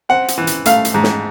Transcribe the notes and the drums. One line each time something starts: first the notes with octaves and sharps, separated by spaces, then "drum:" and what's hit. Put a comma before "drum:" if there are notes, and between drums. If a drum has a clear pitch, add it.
C4 F#5
drum: hi-hat
E3
drum: hi-hat
A3 F5, drum: hi-hat
drum: hi-hat
G#2
drum: snare